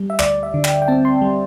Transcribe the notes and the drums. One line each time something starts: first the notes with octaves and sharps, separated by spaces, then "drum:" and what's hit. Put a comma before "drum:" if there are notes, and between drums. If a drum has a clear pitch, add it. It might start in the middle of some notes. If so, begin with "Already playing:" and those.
Already playing: G3
E5
D2 D5, drum: clap
E5
D3
G5, drum: clap
G5
C4 A5
C6
G3